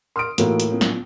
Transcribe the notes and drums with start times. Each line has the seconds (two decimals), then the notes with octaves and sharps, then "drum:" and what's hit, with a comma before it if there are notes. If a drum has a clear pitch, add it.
0.16 A#4 C6 D#6 F6 D7
0.38 A2 E3 A3 A#3 F4 F#4, drum: hi-hat
0.60 drum: hi-hat
0.71 B3 C#4 F4
0.81 drum: snare